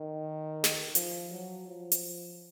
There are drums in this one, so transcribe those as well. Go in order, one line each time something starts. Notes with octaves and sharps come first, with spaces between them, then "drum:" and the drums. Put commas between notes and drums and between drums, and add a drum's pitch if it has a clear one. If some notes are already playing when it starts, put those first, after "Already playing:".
Already playing: D#3
drum: snare
F3, drum: hi-hat
F#3
F3
drum: hi-hat